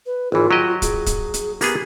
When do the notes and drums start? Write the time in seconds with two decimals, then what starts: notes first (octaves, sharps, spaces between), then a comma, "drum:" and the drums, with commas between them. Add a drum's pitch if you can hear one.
0.06 B4
0.32 G#1 E3 F4
0.51 F#3 G4 D#5
0.82 G#4, drum: kick, hi-hat
1.06 drum: kick, hi-hat
1.34 drum: hi-hat
1.61 A#3 B3 G4 G#4, drum: open hi-hat